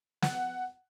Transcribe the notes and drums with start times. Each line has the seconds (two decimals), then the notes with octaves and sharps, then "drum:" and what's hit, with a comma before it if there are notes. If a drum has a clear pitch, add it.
0.22 F#5, drum: snare